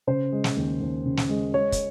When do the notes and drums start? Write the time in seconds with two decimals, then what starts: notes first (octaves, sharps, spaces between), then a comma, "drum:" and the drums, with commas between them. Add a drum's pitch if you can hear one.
0.07 C#3 C5
0.32 G#3
0.44 drum: snare
0.57 D#2
0.80 D#2
1.05 C#3
1.17 drum: snare
1.29 G#3
1.54 G#3 C#5
1.72 drum: kick, hi-hat